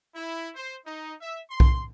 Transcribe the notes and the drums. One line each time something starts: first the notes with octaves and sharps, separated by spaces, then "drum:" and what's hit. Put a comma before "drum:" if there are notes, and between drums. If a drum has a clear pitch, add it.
E4
C5
D#4
E5
C6
drum: kick B1